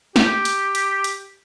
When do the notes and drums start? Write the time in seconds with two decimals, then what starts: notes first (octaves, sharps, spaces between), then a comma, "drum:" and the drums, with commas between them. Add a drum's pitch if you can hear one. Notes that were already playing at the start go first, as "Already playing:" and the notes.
0.16 G4, drum: snare
0.45 drum: hi-hat
0.75 drum: hi-hat
1.04 drum: hi-hat